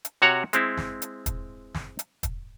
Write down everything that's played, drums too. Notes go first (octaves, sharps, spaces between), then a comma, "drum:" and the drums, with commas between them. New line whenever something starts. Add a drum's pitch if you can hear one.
drum: hi-hat
C3 F#4 C#5 F#5 A#5
G#3 C4 E4, drum: hi-hat
drum: snare
drum: hi-hat
drum: kick, hi-hat
drum: snare
drum: hi-hat
drum: kick, hi-hat